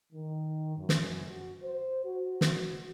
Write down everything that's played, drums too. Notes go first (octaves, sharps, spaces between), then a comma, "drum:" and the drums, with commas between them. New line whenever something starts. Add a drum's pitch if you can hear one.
D#3
F#2
drum: snare
F#4
C5
F#4
drum: snare